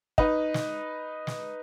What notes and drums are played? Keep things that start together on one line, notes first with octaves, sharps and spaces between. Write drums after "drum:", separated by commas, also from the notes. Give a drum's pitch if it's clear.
D#4 B4, drum: kick
drum: snare
drum: snare